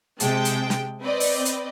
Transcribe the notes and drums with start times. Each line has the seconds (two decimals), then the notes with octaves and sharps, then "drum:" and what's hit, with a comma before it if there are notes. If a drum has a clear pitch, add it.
0.20 C3 G#3 G5 A5, drum: hi-hat
0.45 drum: hi-hat
0.70 drum: snare
1.01 C4 B4 D5 D#5
1.20 drum: open hi-hat
1.45 drum: hi-hat